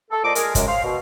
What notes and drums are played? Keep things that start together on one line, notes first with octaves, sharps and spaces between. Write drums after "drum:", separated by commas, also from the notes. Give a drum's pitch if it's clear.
A4
A#2 A4 C5 D5 D#5 D6
G#3 G#4 A#4, drum: hi-hat
F#2 C3 G#3, drum: kick, hi-hat
C5 F5
B2